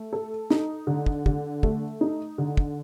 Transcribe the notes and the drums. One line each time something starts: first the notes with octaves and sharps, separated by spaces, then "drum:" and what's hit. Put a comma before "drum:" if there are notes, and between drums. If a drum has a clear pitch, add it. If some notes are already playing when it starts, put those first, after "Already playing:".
Already playing: A3
A4
D#4, drum: snare
D3
drum: kick
D3, drum: kick
A3, drum: kick
D#4
D3
drum: kick